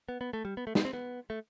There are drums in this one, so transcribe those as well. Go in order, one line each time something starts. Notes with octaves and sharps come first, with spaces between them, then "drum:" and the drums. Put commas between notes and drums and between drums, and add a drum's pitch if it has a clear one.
B3
B3
A3
G3
B3
A3
B3, drum: snare
C4
B3
A3